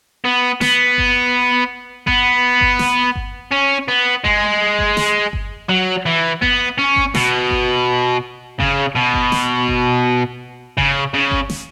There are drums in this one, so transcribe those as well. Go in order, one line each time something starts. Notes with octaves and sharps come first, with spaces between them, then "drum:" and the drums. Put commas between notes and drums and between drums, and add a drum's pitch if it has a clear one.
B3
B3, drum: snare
drum: kick G1
B3, drum: kick G1
drum: kick G1
drum: snare
drum: kick G1
C#4
B3
G#3, drum: kick G1
drum: kick G1
drum: snare
drum: kick G1
F#3
E3
B3, drum: kick G1
C#4
drum: kick G1
B2, drum: snare
drum: kick G1
C#3, drum: kick G1
B2
drum: kick G1
drum: snare
drum: kick G1
C#3, drum: kick G1
C#3
drum: kick G1
drum: snare